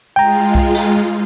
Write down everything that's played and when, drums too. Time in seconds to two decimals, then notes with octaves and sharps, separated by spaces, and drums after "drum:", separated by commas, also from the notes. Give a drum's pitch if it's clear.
0.16 G#3 F4 G5 A#5
0.55 drum: kick B1
0.74 drum: cymbal